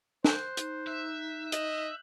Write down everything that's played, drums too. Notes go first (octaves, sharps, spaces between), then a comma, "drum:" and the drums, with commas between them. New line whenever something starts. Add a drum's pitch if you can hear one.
C5 F#6 G6, drum: snare
D#4, drum: hi-hat
E5 F#6
D#5 F#7, drum: hi-hat